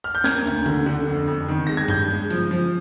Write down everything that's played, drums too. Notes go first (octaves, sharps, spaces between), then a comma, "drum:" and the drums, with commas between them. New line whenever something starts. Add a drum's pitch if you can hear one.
F6
G6
A#3 G#6, drum: snare
D2
D3, drum: tom D3
D3
F2
F2
D#3
G#3 A#6
G#6
G2 G6, drum: tom G2
G#3
F3, drum: hi-hat
F3